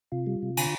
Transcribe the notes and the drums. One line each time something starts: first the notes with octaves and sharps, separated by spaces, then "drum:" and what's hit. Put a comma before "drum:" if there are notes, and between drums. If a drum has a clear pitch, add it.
C3 F4
G3
C3
D3, drum: cymbal